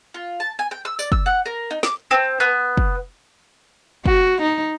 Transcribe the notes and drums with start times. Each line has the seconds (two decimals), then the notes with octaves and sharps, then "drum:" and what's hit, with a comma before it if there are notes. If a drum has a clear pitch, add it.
0.14 F4
0.40 A5
0.59 G#5
0.71 G5
0.85 E6
0.99 D5, drum: tambourine
1.12 E6, drum: kick
1.26 F#5
1.46 A#4
1.71 D#4
1.83 D6, drum: snare
2.11 C4
2.40 B3
2.77 drum: kick
4.06 F#4, drum: kick
4.41 D#4